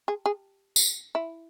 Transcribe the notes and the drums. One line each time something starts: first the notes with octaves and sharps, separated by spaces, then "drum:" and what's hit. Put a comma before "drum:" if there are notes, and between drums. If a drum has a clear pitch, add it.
G#4
G#4
drum: tambourine
E4